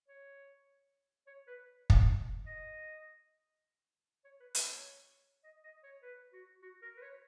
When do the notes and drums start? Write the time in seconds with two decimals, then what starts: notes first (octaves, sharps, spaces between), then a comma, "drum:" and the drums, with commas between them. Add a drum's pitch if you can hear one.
0.09 C#5
1.27 C#5
1.48 B4
1.90 drum: kick
2.46 D#5
4.25 C#5
4.40 B4
4.55 B4, drum: hi-hat
4.69 C#5
5.44 D#5
5.64 D#5
5.83 C#5
6.02 B4
6.33 F#4
6.63 F#4
6.82 A#4
6.97 B4
7.02 C#5